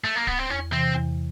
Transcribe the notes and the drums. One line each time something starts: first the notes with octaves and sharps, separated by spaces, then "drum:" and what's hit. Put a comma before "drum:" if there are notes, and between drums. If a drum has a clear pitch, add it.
A3
A#3
B3, drum: kick D1
C4
E2 C#4
C3 E3 C4
E2